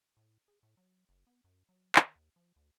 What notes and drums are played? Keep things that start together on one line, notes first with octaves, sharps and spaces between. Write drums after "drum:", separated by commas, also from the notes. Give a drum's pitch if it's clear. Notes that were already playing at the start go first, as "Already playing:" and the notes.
A2
G#4
A2
F#3
F#1
B3
F#2
F#3
D#3, drum: clap
D#2
F3
D2